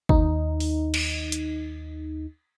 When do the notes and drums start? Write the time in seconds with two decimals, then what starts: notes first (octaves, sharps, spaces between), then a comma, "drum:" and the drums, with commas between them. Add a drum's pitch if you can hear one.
0.09 D#2 D#4, drum: kick G1
0.60 drum: open hi-hat
0.94 drum: cymbal
1.32 drum: hi-hat